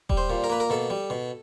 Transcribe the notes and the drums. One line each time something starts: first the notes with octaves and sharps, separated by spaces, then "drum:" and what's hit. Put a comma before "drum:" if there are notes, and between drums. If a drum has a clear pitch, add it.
G3, drum: kick D#1
C5
A#2
A#4
A#3 B4
A#4
B2 A4
G3
B2